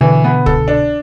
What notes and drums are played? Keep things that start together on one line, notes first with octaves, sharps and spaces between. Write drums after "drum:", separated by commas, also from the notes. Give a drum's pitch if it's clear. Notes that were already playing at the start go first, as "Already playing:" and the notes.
B2 D3 E3
B3
A4, drum: kick
D4